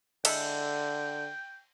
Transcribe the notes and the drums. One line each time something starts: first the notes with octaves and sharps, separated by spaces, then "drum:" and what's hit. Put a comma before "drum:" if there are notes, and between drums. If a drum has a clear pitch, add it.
D3 G#3 E4 A4 G5, drum: cymbal